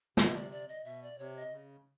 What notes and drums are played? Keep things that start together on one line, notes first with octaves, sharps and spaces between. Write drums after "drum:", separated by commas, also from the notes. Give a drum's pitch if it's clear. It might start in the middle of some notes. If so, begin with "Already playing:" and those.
C3 D#5, drum: snare
D5
D5
D#5
B2 E5
D5
C3 C#5
D#5
C#3